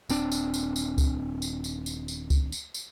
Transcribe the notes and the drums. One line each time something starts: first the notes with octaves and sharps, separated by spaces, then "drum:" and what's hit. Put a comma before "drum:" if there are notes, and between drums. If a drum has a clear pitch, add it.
D#1 C4 D4, drum: tambourine
drum: tambourine
drum: tambourine
drum: tambourine
drum: kick C#2, tambourine
drum: tambourine
drum: tambourine
drum: tambourine
drum: tambourine
drum: kick C#2, tambourine
drum: tambourine
drum: tambourine